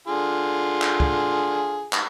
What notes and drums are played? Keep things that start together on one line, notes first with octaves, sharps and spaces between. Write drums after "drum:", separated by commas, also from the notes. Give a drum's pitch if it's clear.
D3 F4 G#4
drum: clap
drum: kick
drum: clap